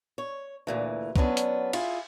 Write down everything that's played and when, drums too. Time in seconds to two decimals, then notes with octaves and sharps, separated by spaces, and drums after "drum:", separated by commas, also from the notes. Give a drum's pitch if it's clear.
0.18 C#5
0.67 D2 A#2 E3
1.16 F#3 B3 C#4 D4, drum: kick
1.37 drum: hi-hat
1.73 E4 F4 G#4, drum: cymbal